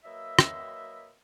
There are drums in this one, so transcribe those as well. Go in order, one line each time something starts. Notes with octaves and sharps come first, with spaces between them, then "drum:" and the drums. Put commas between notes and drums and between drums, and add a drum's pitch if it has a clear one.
F#3 A#3 B4 D#5 E5
drum: rim click